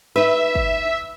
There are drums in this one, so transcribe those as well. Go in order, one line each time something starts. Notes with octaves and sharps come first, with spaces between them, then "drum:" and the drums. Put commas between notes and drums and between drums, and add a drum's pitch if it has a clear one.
D#4 B4 E5
drum: kick